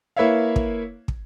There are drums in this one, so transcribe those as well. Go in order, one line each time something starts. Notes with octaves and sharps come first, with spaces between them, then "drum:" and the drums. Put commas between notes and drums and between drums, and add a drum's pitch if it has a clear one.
A#3 E4 B4 C#5 E5 F5
drum: kick
drum: kick